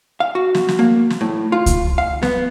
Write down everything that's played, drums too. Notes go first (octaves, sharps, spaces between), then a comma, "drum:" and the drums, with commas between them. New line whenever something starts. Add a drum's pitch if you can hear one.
F5
F#4
drum: snare
drum: snare
A#3
drum: snare
A2
F4
drum: kick C#2, hi-hat
F5
B3, drum: snare